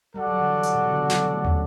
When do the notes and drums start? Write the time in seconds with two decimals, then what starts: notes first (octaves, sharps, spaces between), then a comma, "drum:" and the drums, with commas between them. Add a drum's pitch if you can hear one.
0.14 G3 F#4 A4 D5 F#5
0.27 F#3
0.34 E3
0.39 D3
0.50 E3
0.63 drum: hi-hat
0.74 B2
0.82 C#3
0.92 D3
1.00 E3
1.10 F#3, drum: snare
1.21 G3
1.34 A3
1.45 C#4, drum: tom